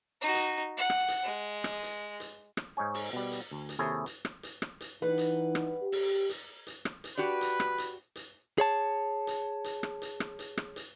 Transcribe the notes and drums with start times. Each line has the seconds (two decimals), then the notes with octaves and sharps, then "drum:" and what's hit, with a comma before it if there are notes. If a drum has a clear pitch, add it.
0.21 D#4 F#4
0.34 drum: hi-hat
0.77 F#5
0.90 drum: rim click
1.08 drum: hi-hat
1.24 G#3
1.64 drum: rim click
1.83 drum: hi-hat
2.20 drum: hi-hat
2.57 drum: rim click
2.77 G#2 D#4 C#5 G#5
2.94 drum: open hi-hat
3.13 B2 G3
3.32 drum: hi-hat
3.52 D2
3.69 drum: hi-hat
3.79 D#2 C3 E4 G#4 A4 C#5
4.06 drum: hi-hat
4.25 drum: rim click
4.43 drum: hi-hat
4.62 drum: rim click
4.81 drum: hi-hat
5.02 G2 E3 D#4 B4 F#5
5.18 drum: hi-hat
5.55 drum: rim click
5.82 G4
5.92 drum: open hi-hat
6.29 drum: hi-hat
6.67 drum: hi-hat
6.85 drum: rim click
7.04 drum: hi-hat
7.18 F#4 G4 B4 D5
7.41 drum: hi-hat
7.60 drum: rim click
7.78 drum: hi-hat
8.16 drum: hi-hat
8.58 G#4 C#5 A5
9.27 drum: hi-hat
9.64 drum: hi-hat
9.83 drum: rim click
10.02 drum: hi-hat
10.20 drum: rim click
10.39 drum: hi-hat
10.57 drum: rim click
10.76 drum: hi-hat